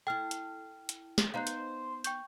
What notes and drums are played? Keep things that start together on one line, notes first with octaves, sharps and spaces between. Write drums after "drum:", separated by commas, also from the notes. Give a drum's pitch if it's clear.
E4 A4 G5 F6
drum: hi-hat
drum: hi-hat
drum: snare
B3 D#4 C5 F5 A#5 F#6
drum: hi-hat
G5 C#6 G6, drum: hi-hat